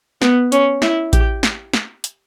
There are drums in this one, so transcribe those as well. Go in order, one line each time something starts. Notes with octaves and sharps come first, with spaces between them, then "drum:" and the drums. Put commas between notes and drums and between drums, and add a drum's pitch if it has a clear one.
B3, drum: snare
C#4, drum: hi-hat
E4, drum: snare
G4, drum: kick A1, hi-hat
drum: snare
drum: snare
drum: hi-hat